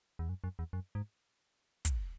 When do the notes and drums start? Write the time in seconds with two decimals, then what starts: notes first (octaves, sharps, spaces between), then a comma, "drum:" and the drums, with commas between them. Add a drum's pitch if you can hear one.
0.19 E2
0.29 F#2
0.44 F#2
0.59 E2
0.73 F#2
0.95 G#2
1.85 drum: kick, hi-hat